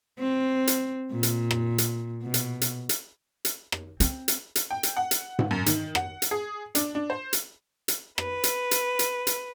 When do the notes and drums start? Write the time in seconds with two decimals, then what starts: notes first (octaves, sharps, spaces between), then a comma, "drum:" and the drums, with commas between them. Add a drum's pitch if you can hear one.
0.19 C4
0.67 drum: hi-hat
1.12 A#2
1.23 drum: hi-hat
1.51 drum: rim click
1.78 drum: hi-hat
2.23 B2
2.34 drum: hi-hat
2.61 drum: hi-hat
2.89 drum: hi-hat
3.45 drum: hi-hat
3.72 drum: rim click
4.00 C4, drum: hi-hat
4.28 drum: hi-hat
4.55 drum: hi-hat
4.71 G5
4.83 drum: hi-hat
4.97 F#5
5.11 drum: hi-hat
5.39 drum: tom G#2
5.51 F#2
5.66 D#3, drum: hi-hat
5.95 F#5, drum: rim click
6.22 drum: hi-hat
6.31 G#4
6.75 D4, drum: hi-hat
6.95 D4
7.10 C5
7.33 drum: hi-hat
7.88 drum: hi-hat
8.18 B4, drum: rim click
8.44 drum: hi-hat
8.71 drum: hi-hat
8.99 drum: hi-hat
9.27 drum: hi-hat